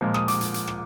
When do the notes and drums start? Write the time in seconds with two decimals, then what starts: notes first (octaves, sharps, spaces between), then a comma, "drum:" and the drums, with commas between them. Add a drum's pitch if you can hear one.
0.01 A#2 F3 G#3
0.14 D#6, drum: rim click
0.28 D6, drum: hi-hat
0.41 drum: hi-hat
0.54 drum: hi-hat
0.67 drum: rim click